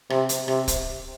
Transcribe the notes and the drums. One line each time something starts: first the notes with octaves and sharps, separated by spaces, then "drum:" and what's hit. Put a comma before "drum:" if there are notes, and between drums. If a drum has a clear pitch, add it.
C3, drum: rim click
drum: hi-hat
C3, drum: rim click
drum: kick, hi-hat